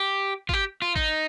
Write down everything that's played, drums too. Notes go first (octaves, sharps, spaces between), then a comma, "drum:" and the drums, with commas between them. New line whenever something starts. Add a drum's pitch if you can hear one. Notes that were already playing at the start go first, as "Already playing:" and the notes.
Already playing: G4
F4, drum: kick
G4
F4
D#4, drum: kick